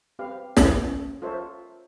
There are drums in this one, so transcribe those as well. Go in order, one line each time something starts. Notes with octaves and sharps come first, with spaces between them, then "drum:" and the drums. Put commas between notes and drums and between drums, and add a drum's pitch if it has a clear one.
C4 G4 B4 F5
B3 B4 E5 G#5, drum: snare
C#4
F4 A4 A#4 C5 C#5 E5